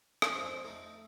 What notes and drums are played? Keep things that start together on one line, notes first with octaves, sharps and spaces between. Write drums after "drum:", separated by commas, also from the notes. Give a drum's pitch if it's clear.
drum: rim click
F2 C5
A3 D#4